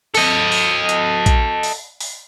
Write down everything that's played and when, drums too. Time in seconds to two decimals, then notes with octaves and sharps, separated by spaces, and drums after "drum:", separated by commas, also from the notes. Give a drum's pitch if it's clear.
0.15 A4 D#5, drum: open hi-hat
0.52 drum: open hi-hat
0.89 drum: hi-hat
1.26 drum: kick A#1, hi-hat
1.63 drum: open hi-hat
2.00 drum: open hi-hat